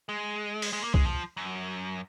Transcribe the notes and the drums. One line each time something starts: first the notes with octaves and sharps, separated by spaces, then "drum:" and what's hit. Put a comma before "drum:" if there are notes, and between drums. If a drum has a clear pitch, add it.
G#3
drum: open hi-hat
G#3
A#3
G#3, drum: kick
F3
F#2